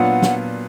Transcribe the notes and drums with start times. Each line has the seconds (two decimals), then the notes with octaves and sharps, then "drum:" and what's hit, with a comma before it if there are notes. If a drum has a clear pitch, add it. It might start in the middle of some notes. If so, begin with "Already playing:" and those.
Already playing: A#2 F#3 B3 D4 F4 F#5
0.22 drum: snare